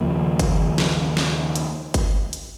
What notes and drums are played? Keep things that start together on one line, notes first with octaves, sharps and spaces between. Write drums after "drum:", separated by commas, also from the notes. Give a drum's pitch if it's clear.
D#2 C#3 F3 A#3
drum: kick G1, hi-hat
drum: snare
drum: snare
drum: hi-hat
drum: kick G1, hi-hat
drum: hi-hat